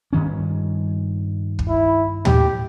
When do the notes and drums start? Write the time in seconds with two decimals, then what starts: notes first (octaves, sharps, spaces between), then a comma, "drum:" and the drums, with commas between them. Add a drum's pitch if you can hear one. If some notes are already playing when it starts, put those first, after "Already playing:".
0.13 G2 D#3 C#4
1.59 drum: kick
1.69 E4
2.25 G4, drum: tom